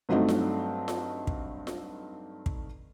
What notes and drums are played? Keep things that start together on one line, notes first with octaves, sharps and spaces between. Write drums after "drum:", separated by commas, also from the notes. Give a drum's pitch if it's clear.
G2 F#3 A3 C4 D#4
drum: snare F4
drum: snare F4
drum: kick
drum: snare F4
drum: kick